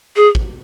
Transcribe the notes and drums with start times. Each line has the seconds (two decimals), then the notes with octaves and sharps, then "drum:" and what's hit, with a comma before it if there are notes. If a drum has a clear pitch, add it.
0.16 G#4
0.35 drum: kick